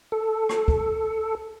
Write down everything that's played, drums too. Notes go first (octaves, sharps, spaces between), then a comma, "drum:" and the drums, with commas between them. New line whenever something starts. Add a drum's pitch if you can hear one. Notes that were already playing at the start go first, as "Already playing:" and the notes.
A4
drum: rim click
drum: kick